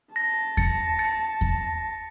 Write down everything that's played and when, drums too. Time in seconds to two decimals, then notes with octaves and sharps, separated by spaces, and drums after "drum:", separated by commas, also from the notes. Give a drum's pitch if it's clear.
0.15 A5 A#6
0.57 A6 C#7, drum: kick E2
0.99 A6 C#7
1.41 drum: kick E2